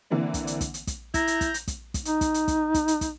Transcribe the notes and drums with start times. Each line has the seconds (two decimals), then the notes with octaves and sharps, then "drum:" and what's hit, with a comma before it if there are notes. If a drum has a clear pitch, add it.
0.10 D3 E3 A#3 C4 D4
0.34 drum: kick, hi-hat
0.47 drum: hi-hat
0.61 drum: kick, hi-hat
0.74 drum: hi-hat
0.87 drum: kick, hi-hat
1.14 E4 A#5 G6 A#6, drum: kick, hi-hat
1.27 drum: hi-hat
1.41 drum: kick, hi-hat
1.54 drum: hi-hat
1.68 drum: kick, hi-hat
1.94 drum: kick, hi-hat
2.05 D#4, drum: hi-hat
2.21 drum: kick, hi-hat
2.34 drum: hi-hat
2.48 drum: kick, hi-hat
2.74 drum: kick, hi-hat
2.88 drum: hi-hat
3.01 drum: kick, hi-hat